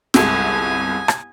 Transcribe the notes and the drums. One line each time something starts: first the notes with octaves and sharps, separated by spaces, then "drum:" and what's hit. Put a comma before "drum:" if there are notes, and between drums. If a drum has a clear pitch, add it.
G1 C2 G#3 G#5 D#6, drum: snare
drum: rim click